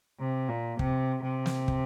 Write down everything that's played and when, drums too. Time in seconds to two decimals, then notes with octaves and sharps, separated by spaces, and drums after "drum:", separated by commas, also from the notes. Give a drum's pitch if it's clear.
0.20 C3
0.49 A#2
0.79 C3, drum: kick
1.23 C3
1.46 drum: snare
1.68 drum: kick